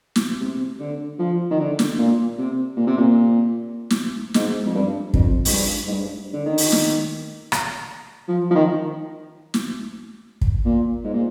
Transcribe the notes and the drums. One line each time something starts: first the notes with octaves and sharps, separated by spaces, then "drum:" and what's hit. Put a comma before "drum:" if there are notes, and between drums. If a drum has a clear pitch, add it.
drum: snare
C3
D3
F3
D#3
D3
drum: snare
A#2
C3
A#2
C3
A#2
drum: snare
G#2, drum: snare
F2
G2
F2, drum: kick
G#2, drum: open hi-hat
G2
G#2
G2
D3
D#3
drum: open hi-hat
drum: snare
drum: rim click
F3
F3
D#3
drum: snare
drum: kick
A#2
G#2
A#2